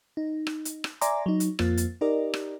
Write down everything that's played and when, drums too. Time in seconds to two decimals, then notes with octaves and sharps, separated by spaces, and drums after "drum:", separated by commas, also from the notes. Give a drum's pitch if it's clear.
0.17 D#4
0.47 drum: rim click
0.65 drum: hi-hat
0.84 drum: rim click
1.01 D5 E5 G#5 A#5 C6 D6, drum: hi-hat
1.26 F#3 D#4
1.40 drum: hi-hat
1.59 F2 A#3 F4 A6, drum: rim click
1.77 drum: hi-hat
2.01 D#4 G4 A#4 D5 D#5
2.34 drum: rim click